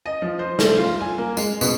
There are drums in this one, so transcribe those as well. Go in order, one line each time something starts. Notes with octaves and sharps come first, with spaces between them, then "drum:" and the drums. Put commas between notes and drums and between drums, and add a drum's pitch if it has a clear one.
D#5
F3
C5
A3, drum: snare
F4
G#5
A#3
G#3, drum: tambourine
B2, drum: tambourine